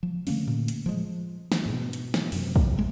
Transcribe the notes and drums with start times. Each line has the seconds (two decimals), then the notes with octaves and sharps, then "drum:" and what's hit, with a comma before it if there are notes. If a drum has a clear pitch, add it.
0.03 F3
0.27 D3 A3 A#3 C#4, drum: open hi-hat
0.48 drum: tom A2
0.68 drum: hi-hat
0.86 F3 G#3
1.52 drum: snare
1.66 G#2 B2
1.93 drum: hi-hat
2.14 drum: snare
2.32 F#2 C3, drum: open hi-hat
2.56 drum: kick
2.78 A#1 G#3 A3